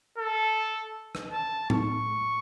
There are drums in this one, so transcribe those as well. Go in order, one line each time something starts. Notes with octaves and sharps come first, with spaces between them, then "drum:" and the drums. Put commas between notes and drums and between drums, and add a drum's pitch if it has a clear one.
A4
drum: rim click
A5
C#6, drum: tom A2